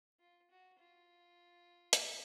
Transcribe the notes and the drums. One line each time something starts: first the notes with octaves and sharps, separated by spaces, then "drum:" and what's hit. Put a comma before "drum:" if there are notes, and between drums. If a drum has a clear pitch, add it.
F4
F#4
F4
drum: hi-hat